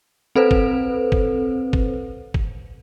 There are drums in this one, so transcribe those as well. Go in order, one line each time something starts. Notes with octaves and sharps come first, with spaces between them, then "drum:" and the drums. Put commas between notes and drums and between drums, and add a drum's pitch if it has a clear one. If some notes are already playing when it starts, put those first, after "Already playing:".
C4 A4 B4 C5
drum: kick
drum: kick
drum: kick
drum: kick